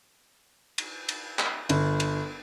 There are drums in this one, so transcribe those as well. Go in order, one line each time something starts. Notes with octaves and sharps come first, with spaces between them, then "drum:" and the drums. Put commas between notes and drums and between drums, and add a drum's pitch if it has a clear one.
drum: cymbal
drum: cymbal
drum: clap
G1, drum: cymbal
drum: cymbal